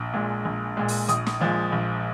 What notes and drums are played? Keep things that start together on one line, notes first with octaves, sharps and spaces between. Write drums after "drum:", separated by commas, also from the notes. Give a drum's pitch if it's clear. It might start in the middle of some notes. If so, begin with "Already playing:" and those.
Already playing: A#1
A#2 G#3
A#1
A#2 G#3
drum: open hi-hat
A#1 D#6, drum: hi-hat
drum: snare
A#2 F3 G#3
A#1